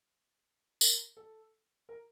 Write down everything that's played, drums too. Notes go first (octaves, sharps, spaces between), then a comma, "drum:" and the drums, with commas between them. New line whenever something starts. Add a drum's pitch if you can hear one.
A#4, drum: tambourine
A4
A#4